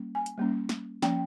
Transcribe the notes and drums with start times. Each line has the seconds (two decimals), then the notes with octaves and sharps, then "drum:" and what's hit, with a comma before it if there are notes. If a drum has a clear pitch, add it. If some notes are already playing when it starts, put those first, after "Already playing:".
Already playing: G3 A#3 C#4
0.15 G#5
0.26 drum: hi-hat
0.38 G3 A#3 C#4
0.69 drum: snare
1.02 F3 A#3 C#4 G5, drum: snare